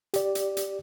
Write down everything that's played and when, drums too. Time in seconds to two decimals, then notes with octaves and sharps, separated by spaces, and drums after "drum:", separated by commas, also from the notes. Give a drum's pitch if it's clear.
0.14 G4 D5, drum: hi-hat
0.35 drum: hi-hat
0.57 drum: hi-hat